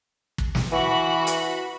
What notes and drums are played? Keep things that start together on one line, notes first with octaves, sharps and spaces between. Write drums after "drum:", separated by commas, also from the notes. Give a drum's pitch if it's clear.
drum: kick
drum: snare
E3 F#4 B5
drum: hi-hat